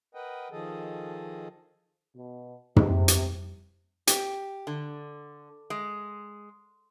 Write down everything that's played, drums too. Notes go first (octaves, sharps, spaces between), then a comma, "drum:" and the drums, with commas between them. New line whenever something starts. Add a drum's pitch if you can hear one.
A#4 B4 D#5 F#5 G5
D#3 F3 G#4 A4 D#5
B2
C3, drum: tom
drum: hi-hat
G4, drum: hi-hat
D3
G#3